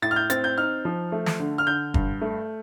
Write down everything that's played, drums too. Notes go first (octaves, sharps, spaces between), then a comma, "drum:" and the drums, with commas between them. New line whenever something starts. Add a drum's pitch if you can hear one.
A2 A6
F6
G6
C4 A6, drum: hi-hat
G6
D#4 F6
F3
A3
drum: snare
D3
F6
D3 G6
G2, drum: kick
A3